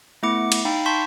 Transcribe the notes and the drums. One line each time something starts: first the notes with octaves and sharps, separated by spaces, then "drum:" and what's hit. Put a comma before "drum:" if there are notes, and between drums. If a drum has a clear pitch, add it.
A3 B3 E4 D6 C#7
drum: cymbal
D#4 F5 G5 B5
A5 C6 C#6 G6 B6